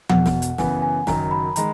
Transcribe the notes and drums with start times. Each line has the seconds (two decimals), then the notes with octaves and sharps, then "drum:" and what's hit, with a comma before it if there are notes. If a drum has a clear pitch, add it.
0.09 E1 E2 B2 F#5, drum: tom F3
0.26 drum: snare
0.42 drum: hi-hat
0.58 F#2 C#3 E3 B3 G#5, drum: snare
0.82 G#5
1.07 F#1 F#2 D#3 F#3 A#5, drum: snare
1.31 B5
1.56 D#3 G#3 A#5, drum: hi-hat